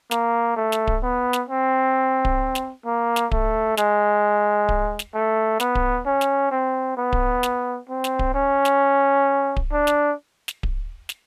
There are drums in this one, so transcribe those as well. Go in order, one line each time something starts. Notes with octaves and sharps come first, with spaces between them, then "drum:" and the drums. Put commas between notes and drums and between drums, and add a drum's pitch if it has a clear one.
A#3, drum: snare
A3
drum: snare
drum: kick D1
B3
drum: snare
C4
drum: kick D1
drum: snare
A#3
drum: snare
A3, drum: kick D1
G#3, drum: snare
drum: kick D1
drum: snare
A3
B3, drum: snare
drum: kick D1
C#4
drum: snare
C4
B3
drum: kick D1
drum: snare
C4
drum: snare
drum: kick D1
C#4
drum: snare
drum: kick D1
D4
drum: snare
drum: snare
drum: kick D1
drum: snare